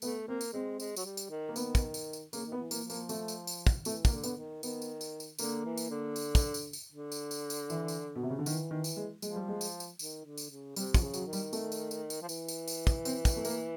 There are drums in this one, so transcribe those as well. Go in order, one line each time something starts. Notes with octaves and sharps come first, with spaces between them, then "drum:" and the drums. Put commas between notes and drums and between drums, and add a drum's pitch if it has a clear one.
A3 B3, drum: tambourine
A#3 C4
drum: tambourine
G#3 C4
G#3, drum: tambourine
F#3, drum: tambourine
G3
drum: tambourine
D#3
A#3
D#3 B3, drum: tambourine
drum: kick, tambourine
drum: tambourine
drum: tambourine
C#3 A#3, drum: tambourine
D#3
B3
E3
A#3, drum: tambourine
F3
A#3, drum: tambourine
A3, drum: tambourine
drum: tambourine
drum: tambourine
drum: kick, tambourine
E3 A3, drum: tambourine
A#3, drum: kick, tambourine
D3
B3, drum: tambourine
D#3
D#3 B3, drum: tambourine
drum: tambourine
drum: tambourine
drum: tambourine
D3 A#3, drum: tambourine
E3
drum: tambourine
D3
drum: tambourine
drum: kick, tambourine
drum: tambourine
drum: tambourine
D3
drum: tambourine
drum: tambourine
drum: tambourine
E3, drum: tambourine
drum: tambourine
B2
C3
C#3
D3
D#3 E3, drum: tambourine
D#3
drum: tambourine
G#3
F3 G#3, drum: tambourine
G3
G#3
drum: tambourine
drum: tambourine
D#3, drum: tambourine
D3
drum: tambourine
C#3
C3 G3, drum: tambourine
F3, drum: kick, tambourine
C#3
F#3, drum: tambourine
D#3
G3, drum: tambourine
A3, drum: tambourine
drum: tambourine
drum: tambourine
drum: tambourine
F3
E3, drum: tambourine
drum: tambourine
drum: tambourine
drum: kick, tambourine
C4, drum: tambourine
drum: kick, tambourine
A3
A#3, drum: tambourine